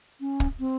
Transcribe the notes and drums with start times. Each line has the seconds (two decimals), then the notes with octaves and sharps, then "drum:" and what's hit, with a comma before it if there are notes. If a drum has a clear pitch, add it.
0.20 C#4
0.40 drum: kick
0.59 C4